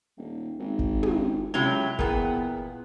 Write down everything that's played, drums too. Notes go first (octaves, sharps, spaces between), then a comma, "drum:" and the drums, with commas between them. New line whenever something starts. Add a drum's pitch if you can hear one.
D#1
G#1
drum: kick F#1
drum: tom
C#2 C3 F#3 E4 G#6 F7 G7
E2 A#2 B3 G#4 A#4 G5, drum: kick F#1